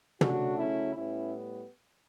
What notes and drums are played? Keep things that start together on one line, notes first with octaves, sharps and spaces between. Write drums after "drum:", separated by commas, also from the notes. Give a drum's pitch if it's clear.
C#3 F#3 A3 D4 F#4, drum: tom
C#4 E4
A2 G3 B3 C#4 E4